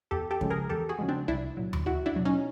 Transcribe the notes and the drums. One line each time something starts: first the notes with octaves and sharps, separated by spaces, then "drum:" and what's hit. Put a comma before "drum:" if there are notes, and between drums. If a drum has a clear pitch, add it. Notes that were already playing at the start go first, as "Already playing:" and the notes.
E2 G4 A4
G4 A4
C#3 F3 G#3, drum: kick
G#4 A#4
E2 G4 A4
F#4 G#4
C#3 F3 G#3
C4 D4
C2 D4 E4
A#2 F#3
drum: tom D#2
E2 E4 F#4
D4 E4
B2 F#3
C#4 D#4